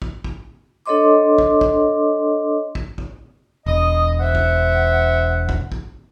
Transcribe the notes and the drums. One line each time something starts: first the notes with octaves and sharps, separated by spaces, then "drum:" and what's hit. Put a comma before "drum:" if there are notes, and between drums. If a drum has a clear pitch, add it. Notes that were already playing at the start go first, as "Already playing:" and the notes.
drum: kick
drum: kick
D4 A4 C#5 D#5 C6 D6
drum: kick
drum: kick
drum: kick
drum: kick
E1 D#5 D#6
C5 E5 F#5
drum: kick
drum: kick
drum: kick